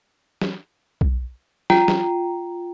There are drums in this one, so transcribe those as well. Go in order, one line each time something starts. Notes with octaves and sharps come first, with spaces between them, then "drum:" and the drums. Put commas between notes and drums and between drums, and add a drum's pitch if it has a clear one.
drum: snare
drum: kick B1
F4 G5 A#5, drum: snare
drum: snare